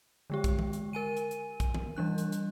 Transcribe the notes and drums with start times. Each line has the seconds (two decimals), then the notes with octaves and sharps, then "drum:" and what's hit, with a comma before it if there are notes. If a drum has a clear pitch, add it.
0.30 D3 G#3 G4
0.44 drum: kick, hi-hat
0.59 drum: tom D#3
0.73 drum: hi-hat
0.93 A#4 G#5 D#7
1.17 drum: hi-hat
1.31 drum: hi-hat
1.60 drum: kick, hi-hat
1.74 drum: tom D#3
1.96 E3 G3 D4 F#6
2.18 drum: hi-hat
2.32 drum: hi-hat